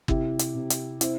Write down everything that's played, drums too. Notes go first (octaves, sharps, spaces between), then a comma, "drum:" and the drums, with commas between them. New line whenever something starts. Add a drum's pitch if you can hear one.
C3 E4 G4, drum: kick G1
drum: hi-hat
C3
drum: hi-hat
C4 E4, drum: hi-hat